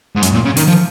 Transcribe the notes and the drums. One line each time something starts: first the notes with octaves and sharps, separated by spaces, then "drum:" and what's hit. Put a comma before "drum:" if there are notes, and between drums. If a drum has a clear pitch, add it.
G#2
F#2, drum: hi-hat
A#2
C#3
D#3, drum: open hi-hat
F3